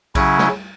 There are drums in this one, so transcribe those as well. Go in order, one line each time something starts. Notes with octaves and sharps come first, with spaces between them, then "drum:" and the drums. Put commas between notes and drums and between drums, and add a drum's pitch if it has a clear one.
C#3 F#3 C#4 E4, drum: kick A#1, cymbal
drum: snare